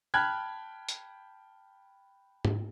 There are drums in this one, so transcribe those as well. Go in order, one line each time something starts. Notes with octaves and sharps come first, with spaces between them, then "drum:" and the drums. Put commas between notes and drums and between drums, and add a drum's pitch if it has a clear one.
G5 A5 B5 F6 F#6 G#6
drum: hi-hat
drum: tom G#2